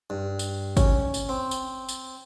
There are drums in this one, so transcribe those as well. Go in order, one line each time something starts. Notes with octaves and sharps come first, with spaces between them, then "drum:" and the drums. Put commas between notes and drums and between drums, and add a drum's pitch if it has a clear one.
G2
drum: tambourine
C#4, drum: kick G#1, tambourine
drum: tambourine
C4
drum: tambourine
drum: tambourine